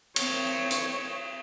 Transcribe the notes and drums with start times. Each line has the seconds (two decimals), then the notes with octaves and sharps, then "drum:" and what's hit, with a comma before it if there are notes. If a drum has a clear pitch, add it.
0.16 C4 C#5, drum: cymbal
0.71 drum: hi-hat